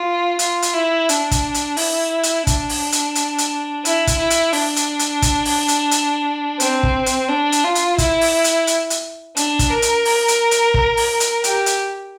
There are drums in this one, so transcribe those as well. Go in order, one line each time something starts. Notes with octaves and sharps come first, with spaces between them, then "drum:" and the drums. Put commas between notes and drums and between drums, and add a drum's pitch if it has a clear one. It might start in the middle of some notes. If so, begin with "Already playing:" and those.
Already playing: F4
F4, drum: hi-hat
drum: hi-hat
E4
D4, drum: hi-hat
drum: kick, hi-hat
drum: hi-hat
E4, drum: open hi-hat
drum: hi-hat
D4, drum: kick, hi-hat
drum: open hi-hat
drum: hi-hat
drum: hi-hat
drum: hi-hat
E4, drum: hi-hat
drum: kick, hi-hat
E4
drum: hi-hat
D4, drum: open hi-hat
drum: hi-hat
drum: hi-hat
drum: kick, hi-hat
drum: open hi-hat
drum: hi-hat
drum: hi-hat
C4, drum: hi-hat
drum: kick
drum: hi-hat
D4
drum: hi-hat
F4
drum: hi-hat
E4, drum: kick, hi-hat
drum: open hi-hat
drum: hi-hat
drum: hi-hat
drum: hi-hat
D4, drum: hi-hat
drum: kick, hi-hat
A#4
drum: hi-hat
drum: open hi-hat
drum: hi-hat
drum: hi-hat
drum: kick
drum: open hi-hat
drum: hi-hat
G4, drum: hi-hat
drum: hi-hat